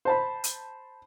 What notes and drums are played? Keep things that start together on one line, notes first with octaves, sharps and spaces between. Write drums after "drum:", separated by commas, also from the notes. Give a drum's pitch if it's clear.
C5 A5 B5
drum: hi-hat